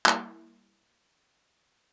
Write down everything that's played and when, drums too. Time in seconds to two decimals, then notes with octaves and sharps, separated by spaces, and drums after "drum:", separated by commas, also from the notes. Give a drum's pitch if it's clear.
0.06 G3 A#3 E4, drum: clap